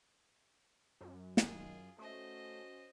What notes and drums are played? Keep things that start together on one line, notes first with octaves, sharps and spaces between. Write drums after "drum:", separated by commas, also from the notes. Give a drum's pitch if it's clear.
F#2
D#3 F4 G#4, drum: snare
A3 C#4 F#4 C5 D#5